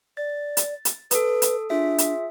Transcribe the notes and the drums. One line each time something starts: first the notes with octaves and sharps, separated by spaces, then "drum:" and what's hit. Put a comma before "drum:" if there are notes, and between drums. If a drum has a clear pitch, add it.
D5 A6
drum: hi-hat
drum: hi-hat
A4 B4 D#6, drum: hi-hat
drum: hi-hat
D4 F4 G#4 E5
drum: hi-hat